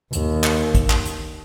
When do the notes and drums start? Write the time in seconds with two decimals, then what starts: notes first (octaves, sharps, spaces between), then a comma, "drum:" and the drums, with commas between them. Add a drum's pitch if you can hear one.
0.13 D#2, drum: hi-hat
0.44 drum: clap
0.75 drum: kick, hi-hat
0.90 drum: clap
1.06 drum: hi-hat